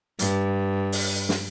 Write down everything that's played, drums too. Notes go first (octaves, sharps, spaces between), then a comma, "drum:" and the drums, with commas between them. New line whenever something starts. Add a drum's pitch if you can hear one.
G2, drum: hi-hat
drum: open hi-hat
drum: snare